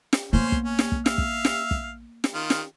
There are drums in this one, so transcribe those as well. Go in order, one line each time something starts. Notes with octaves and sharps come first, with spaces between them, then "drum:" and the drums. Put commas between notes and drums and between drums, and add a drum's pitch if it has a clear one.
drum: snare
A#3 B3 C#4 C5 C6
drum: kick
C#4
drum: snare
drum: kick
E5 F5, drum: snare
drum: kick
drum: snare
drum: kick
drum: snare
D#3 F4
drum: snare